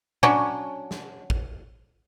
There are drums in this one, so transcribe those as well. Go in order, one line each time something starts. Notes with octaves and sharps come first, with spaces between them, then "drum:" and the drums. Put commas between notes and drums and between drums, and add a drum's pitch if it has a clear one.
F#3 C#4 D4, drum: tom A#2
drum: snare
drum: kick